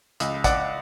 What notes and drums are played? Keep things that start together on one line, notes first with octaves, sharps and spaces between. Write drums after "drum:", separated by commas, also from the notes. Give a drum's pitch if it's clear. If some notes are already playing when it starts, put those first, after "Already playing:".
C#2, drum: hi-hat
D5 F#5, drum: kick, hi-hat